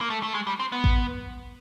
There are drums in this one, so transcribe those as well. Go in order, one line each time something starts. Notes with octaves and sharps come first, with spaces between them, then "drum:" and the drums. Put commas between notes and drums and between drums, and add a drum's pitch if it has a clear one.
A#3
A3
A3
G#3
G3
C4
B3
drum: kick A1